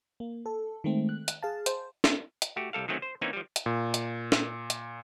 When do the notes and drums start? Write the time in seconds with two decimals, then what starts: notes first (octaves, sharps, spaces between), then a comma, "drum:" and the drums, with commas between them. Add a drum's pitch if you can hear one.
0.20 A#3
0.46 A4
0.84 D#3 G#3 A3 C4
1.09 F#6
1.28 drum: hi-hat
1.43 G#4 F5 A5
1.66 C5, drum: hi-hat
2.04 drum: snare
2.42 drum: hi-hat
2.56 A3 F#4 G4
2.73 C2 G3 A4 F5
2.88 D#3 F#3 A3 C4 C#4
3.02 C5
3.21 E3 A#3 C4 C#4 D#4 G#5
3.33 F3 G3
3.56 drum: hi-hat
3.66 A#2
3.94 drum: hi-hat
4.32 drum: snare
4.70 drum: hi-hat